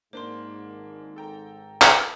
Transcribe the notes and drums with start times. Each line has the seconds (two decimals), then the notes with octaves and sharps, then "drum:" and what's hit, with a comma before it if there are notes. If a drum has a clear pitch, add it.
0.13 G#1 G#2 A#3 D4 C5 C6
1.16 A4 G5 A#5
1.82 drum: clap